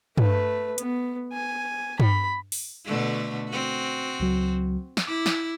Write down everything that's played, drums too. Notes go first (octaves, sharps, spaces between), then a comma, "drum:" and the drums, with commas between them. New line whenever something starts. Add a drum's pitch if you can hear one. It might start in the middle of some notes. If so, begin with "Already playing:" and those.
A3 B4, drum: tom G2
B3, drum: hi-hat
G#5
B5, drum: tom G2
drum: open hi-hat
B2 D3 A3
C4 F#4
C#2 F#3
drum: snare
E4 D6
drum: snare